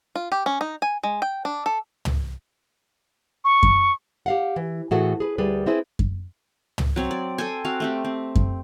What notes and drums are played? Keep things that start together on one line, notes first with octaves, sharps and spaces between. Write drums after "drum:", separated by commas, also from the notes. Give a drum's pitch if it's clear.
F4
G4
C#4
D#4
G#5
G#3
G5
D4
A4
drum: tom
C#6
drum: kick F#2
G4 F5 F#5
E3
A2 E3 F#4 G#4 A4
G#4 B4
D2 G3 G#4 B4
C4 E4 G#4 B4
drum: kick F#2
drum: tom
F#3 C4 C#5
D5
A4 C5 G5 G#5
C4 F#4 F5
A3 C4 G4
C4
drum: kick F#2